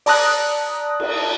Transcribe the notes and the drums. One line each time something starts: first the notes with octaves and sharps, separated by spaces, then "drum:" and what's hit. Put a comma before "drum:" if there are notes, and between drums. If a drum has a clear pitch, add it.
D5 A5 A#5 D#6 F#6, drum: open hi-hat
drum: cymbal